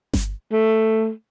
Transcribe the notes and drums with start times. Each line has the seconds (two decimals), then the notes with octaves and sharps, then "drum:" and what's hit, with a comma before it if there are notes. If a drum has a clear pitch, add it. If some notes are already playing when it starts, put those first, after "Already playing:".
0.13 drum: snare G1
0.52 A3